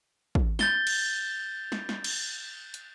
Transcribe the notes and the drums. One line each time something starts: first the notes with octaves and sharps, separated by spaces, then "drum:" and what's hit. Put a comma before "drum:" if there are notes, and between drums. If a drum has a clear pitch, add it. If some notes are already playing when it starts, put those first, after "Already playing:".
drum: kick
G6 A6 G7, drum: snare
drum: cymbal
drum: snare
drum: snare
drum: cymbal
drum: hi-hat